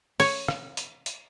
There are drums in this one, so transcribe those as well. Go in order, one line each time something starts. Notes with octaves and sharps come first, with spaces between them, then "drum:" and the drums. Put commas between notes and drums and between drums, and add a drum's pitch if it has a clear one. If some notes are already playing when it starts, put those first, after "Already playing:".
C#5, drum: open hi-hat
drum: rim click
drum: hi-hat
drum: hi-hat